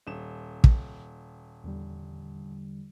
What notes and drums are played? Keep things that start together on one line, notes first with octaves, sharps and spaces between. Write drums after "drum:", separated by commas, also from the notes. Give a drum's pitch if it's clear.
D#1 E7
drum: kick
E2 D3 G3